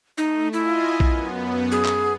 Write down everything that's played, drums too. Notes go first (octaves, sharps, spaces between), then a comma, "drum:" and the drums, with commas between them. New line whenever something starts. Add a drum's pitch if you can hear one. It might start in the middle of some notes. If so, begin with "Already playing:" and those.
A3 D#4
E4 F4 D#5 G#5
F#2 B3, drum: kick A#1
G#4
drum: clap